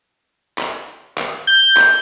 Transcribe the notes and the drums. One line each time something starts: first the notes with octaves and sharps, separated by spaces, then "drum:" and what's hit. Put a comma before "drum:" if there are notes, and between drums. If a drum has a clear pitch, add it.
drum: clap
drum: clap
G6
drum: clap